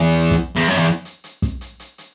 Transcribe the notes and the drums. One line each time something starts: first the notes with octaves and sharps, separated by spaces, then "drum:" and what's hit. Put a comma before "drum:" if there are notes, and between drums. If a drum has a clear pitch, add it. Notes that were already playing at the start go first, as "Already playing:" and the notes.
Already playing: E2
drum: hi-hat
drum: kick, hi-hat
E2
F#2, drum: hi-hat
E2
drum: hi-hat
drum: hi-hat
drum: hi-hat
drum: kick, hi-hat
drum: hi-hat
drum: hi-hat
drum: hi-hat